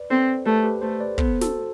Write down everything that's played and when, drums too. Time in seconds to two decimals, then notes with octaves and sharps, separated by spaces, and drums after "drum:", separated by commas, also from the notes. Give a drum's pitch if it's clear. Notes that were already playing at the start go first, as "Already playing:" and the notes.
Already playing: B4 D5
0.11 C4 A4 C5
0.46 A3 G4 B4
0.64 G4 B4
0.82 A3 A4 C5
1.00 B4 D5
1.18 B3 A4 C5, drum: kick
1.41 F#4 A4, drum: snare